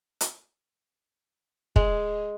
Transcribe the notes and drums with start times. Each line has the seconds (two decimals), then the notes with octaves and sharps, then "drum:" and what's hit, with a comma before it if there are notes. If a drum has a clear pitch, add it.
0.21 drum: hi-hat
1.76 G#3, drum: kick